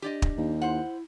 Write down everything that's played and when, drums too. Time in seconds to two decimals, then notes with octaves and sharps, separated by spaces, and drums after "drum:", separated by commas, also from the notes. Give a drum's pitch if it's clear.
0.02 D4 G4 D5 D#5
0.22 drum: kick
0.38 D#2
0.62 E4 C5 F#5